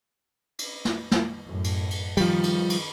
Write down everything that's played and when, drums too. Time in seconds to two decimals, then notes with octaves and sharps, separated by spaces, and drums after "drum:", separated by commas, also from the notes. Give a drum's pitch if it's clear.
0.59 drum: cymbal
0.85 drum: snare
1.11 drum: snare
1.47 F#2 A2
1.64 drum: cymbal
1.91 drum: cymbal
2.17 D#3 F3 G3, drum: cymbal
2.43 drum: cymbal
2.70 drum: cymbal